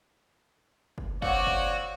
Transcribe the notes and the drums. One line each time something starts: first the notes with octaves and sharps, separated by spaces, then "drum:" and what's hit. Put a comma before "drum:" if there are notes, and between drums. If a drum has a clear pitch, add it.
drum: kick F#1
C4 F#4 C#5 D5 F5 F#5, drum: kick F#1
drum: kick F#1